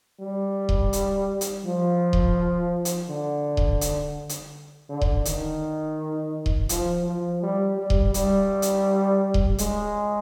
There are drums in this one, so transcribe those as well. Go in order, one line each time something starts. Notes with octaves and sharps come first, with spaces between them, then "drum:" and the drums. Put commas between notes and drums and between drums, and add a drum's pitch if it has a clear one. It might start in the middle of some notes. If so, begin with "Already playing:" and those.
G3
drum: kick D#1
drum: hi-hat
drum: hi-hat
F3
drum: kick D#1
drum: hi-hat
D3
drum: kick D#1
drum: hi-hat
drum: hi-hat
D3
drum: kick D#1
D#3, drum: hi-hat
drum: kick D#1
F3, drum: hi-hat
F3
G3
G3
drum: kick D#1
G3, drum: hi-hat
drum: hi-hat
drum: kick D#1
G#3, drum: hi-hat